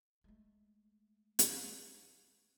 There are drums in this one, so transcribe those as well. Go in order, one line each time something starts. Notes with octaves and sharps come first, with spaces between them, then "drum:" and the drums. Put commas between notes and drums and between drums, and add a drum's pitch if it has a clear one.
G#3 A3
drum: hi-hat